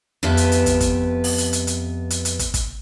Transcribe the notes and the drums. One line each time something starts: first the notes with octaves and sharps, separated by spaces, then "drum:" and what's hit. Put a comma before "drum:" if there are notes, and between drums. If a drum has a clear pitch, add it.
F2 B3 G4 B4 E5 A5
drum: hi-hat
drum: hi-hat
drum: kick, hi-hat
drum: kick, hi-hat
drum: open hi-hat
drum: hi-hat
drum: hi-hat
drum: hi-hat
drum: hi-hat
drum: hi-hat
drum: kick, hi-hat
drum: kick, hi-hat